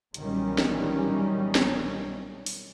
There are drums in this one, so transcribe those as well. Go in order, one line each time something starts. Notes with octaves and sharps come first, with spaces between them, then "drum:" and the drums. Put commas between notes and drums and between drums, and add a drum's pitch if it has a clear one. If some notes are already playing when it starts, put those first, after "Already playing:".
B1 A#2 D#3 E3 G3 C#4, drum: hi-hat
drum: snare
drum: snare
drum: open hi-hat